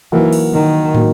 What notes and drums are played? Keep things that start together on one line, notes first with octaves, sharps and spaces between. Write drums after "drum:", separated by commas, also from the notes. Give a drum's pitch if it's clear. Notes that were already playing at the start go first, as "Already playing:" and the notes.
E3 F#3 A#3 D#4 F#4 A#4
drum: cymbal
D#3
F#3 A#3 D#4 F#4 A#4, drum: tom